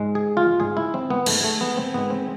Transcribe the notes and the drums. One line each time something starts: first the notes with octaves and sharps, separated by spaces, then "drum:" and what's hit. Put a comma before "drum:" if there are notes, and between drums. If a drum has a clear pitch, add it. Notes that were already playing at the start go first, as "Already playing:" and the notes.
Already playing: G#2 G#3
G#4
F4
G#2 G#3 G#4
E4
C4
B3
G#2 G#3 A3, drum: cymbal
A3
B3
C4
G#2 G#3 B3
C4